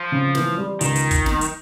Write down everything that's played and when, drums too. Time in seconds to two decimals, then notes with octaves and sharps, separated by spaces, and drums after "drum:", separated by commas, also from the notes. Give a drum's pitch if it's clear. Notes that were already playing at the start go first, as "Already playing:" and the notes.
Already playing: F3
0.12 C#3
0.35 E3, drum: snare
0.57 G3
0.81 C#2 D#3, drum: hi-hat
0.96 drum: hi-hat
1.11 drum: kick, hi-hat
1.26 drum: snare
1.41 drum: hi-hat